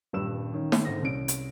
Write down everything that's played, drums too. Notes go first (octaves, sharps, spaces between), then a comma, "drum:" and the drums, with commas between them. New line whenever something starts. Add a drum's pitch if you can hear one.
D#1 G2 B4 E6 E7
D#3 C#4
drum: snare
G#2 D3 C5 A#6
C2 C#4 D7
drum: hi-hat